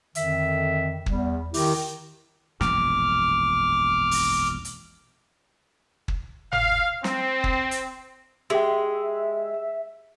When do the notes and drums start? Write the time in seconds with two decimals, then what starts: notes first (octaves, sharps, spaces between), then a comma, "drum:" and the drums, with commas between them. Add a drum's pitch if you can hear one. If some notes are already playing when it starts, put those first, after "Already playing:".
0.15 F2 D3 D#3 E5, drum: hi-hat
1.06 E2 G3, drum: kick
1.54 D#3 E4 G4, drum: open hi-hat
2.61 E1 A#1 F#2 D6 F6, drum: snare
4.11 drum: open hi-hat
4.65 drum: hi-hat
6.08 drum: kick
6.52 F5, drum: tom G1
7.04 C4, drum: snare
7.44 drum: kick
7.71 drum: hi-hat
8.50 G#3 G4 G#4 E5 G5